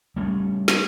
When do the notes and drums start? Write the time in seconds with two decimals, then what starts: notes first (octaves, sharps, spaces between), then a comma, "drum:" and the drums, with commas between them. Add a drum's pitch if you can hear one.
0.16 G3 A3 B3 C#4
0.68 drum: snare